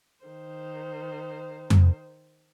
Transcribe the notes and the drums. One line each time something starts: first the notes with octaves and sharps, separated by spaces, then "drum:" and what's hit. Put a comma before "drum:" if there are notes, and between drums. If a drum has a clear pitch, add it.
D#3 C5
drum: tom F2